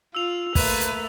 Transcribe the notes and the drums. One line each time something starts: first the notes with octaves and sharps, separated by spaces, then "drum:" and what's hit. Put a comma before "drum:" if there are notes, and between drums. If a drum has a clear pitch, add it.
F4 E6 F7
A3 A#3 B4 E5, drum: kick, open hi-hat
drum: hi-hat